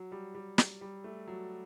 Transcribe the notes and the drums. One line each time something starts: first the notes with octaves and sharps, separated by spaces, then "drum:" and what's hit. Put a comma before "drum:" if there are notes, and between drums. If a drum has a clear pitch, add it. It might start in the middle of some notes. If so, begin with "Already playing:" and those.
Already playing: F#3
G3
G3
drum: snare
G3
A3
F#3